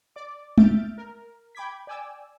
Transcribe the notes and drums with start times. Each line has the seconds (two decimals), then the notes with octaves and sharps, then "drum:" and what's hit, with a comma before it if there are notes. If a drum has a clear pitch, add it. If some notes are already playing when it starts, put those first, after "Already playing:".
0.16 D5 D6
0.58 E5 F6 G6 A6 D7, drum: tom G#3
0.98 A#4
1.55 G5 B5 D6 G#6 B6
1.87 D5 G5 G#5 D6 E6